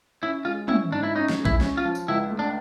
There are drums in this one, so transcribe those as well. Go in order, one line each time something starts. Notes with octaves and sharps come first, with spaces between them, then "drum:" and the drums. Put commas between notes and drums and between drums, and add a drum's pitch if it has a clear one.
C#4 E4
G#3 F4
C#4 E4, drum: tom
G#2 D4
E4
C#4 D#4
drum: snare
G#3
E4, drum: kick A#1
C#4, drum: snare
F4
F3
drum: tambourine
C#2 E4
A3
D4